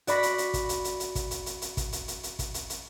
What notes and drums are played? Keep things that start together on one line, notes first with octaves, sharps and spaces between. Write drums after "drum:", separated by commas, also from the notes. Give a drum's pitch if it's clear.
F#4 D5 B5 A#6 B6, drum: hi-hat
drum: hi-hat
drum: hi-hat
drum: kick, hi-hat
drum: hi-hat
drum: hi-hat
drum: hi-hat
drum: kick, hi-hat
drum: hi-hat
drum: hi-hat
drum: hi-hat
drum: kick, hi-hat
drum: hi-hat
drum: hi-hat
drum: hi-hat
drum: kick, hi-hat
drum: hi-hat
drum: hi-hat